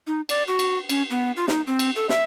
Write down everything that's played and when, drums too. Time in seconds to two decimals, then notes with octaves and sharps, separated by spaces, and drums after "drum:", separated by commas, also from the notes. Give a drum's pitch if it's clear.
0.07 D#4
0.29 D5, drum: cymbal
0.48 F#4
0.59 drum: cymbal
0.89 C#4, drum: cymbal
1.10 B3
1.37 F4
1.48 D#4, drum: snare
1.67 C4
1.79 drum: cymbal
1.96 A4
2.09 E5, drum: snare